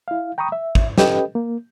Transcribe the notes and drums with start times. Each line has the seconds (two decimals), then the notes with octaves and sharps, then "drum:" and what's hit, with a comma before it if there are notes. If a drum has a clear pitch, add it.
0.08 E4 F5
0.38 G5 A#5 B5 C#6 D#6
0.52 E5
0.75 drum: kick G#1
0.98 C#4 G4 A4 B4 D#5 G5, drum: snare
1.35 A#3